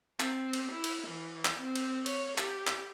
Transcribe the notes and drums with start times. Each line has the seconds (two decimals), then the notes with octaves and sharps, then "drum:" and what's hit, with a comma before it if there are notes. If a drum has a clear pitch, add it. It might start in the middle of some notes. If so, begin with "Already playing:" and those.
0.20 C4, drum: clap
0.53 drum: cymbal
0.72 E4
0.84 drum: cymbal
1.08 E3
1.45 drum: clap
1.60 C4
1.75 drum: cymbal
2.06 C#5, drum: cymbal
2.38 G4, drum: clap
2.67 drum: clap